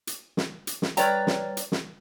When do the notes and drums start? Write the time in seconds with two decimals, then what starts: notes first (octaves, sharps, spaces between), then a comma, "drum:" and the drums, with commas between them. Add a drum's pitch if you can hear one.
0.07 drum: hi-hat
0.37 drum: snare
0.67 drum: hi-hat
0.82 drum: snare
0.97 G3 B4 C#5 D5 G5 A#5, drum: hi-hat
1.27 drum: snare
1.57 drum: hi-hat
1.72 drum: snare